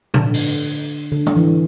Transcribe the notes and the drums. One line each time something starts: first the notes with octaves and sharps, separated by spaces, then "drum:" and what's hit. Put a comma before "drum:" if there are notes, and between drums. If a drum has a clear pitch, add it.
D3, drum: tom A#2
drum: open hi-hat
D3
drum: tom D3
E3